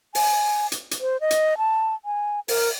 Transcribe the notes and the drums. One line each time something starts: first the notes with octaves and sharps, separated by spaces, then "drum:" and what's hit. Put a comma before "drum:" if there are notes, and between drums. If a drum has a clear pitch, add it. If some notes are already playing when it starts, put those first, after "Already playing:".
G#5, drum: open hi-hat
drum: hi-hat
drum: hi-hat
C5
D#5
drum: hi-hat
A5
G#5
A#4, drum: open hi-hat